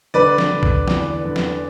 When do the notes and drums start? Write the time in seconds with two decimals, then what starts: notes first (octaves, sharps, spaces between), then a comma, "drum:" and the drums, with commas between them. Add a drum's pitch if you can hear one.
0.14 D3 B4 D5
0.38 drum: snare
0.51 D3
0.63 drum: kick
0.88 E2, drum: snare
1.24 D3
1.36 drum: snare